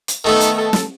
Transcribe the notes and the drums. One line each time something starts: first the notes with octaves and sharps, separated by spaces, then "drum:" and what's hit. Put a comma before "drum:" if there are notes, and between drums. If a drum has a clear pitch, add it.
drum: hi-hat
D#3 A3 B3 D#4 A4
drum: hi-hat
A4
drum: snare